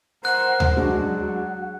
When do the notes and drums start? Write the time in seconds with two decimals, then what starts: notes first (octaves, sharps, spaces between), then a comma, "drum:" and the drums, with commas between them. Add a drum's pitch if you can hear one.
0.25 A#4 C5 F#5 F#6
0.60 drum: tom D2
0.77 F#3 G#3 D4 F#4 F#5